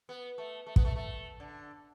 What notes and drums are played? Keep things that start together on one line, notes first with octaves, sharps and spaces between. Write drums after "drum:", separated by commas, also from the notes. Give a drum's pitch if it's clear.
B3
A3
A3
B3, drum: kick
A3
A3
D3